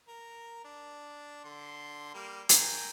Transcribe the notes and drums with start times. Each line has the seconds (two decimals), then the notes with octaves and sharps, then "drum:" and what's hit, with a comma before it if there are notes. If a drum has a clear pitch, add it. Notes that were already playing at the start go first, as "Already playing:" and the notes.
0.08 A#4
0.65 D4
1.45 D3 C6
2.14 G3 A#3
2.49 A#4 G5 G#5, drum: hi-hat